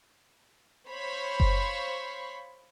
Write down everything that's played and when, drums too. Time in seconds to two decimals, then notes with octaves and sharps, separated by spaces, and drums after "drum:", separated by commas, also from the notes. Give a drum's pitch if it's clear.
0.91 C5 C#5 F5 B5 C#6
1.40 drum: kick F#1